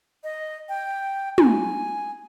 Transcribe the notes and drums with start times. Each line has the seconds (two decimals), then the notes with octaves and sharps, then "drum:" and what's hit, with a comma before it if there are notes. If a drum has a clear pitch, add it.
0.24 D#5
0.69 G5
1.38 G#5, drum: tom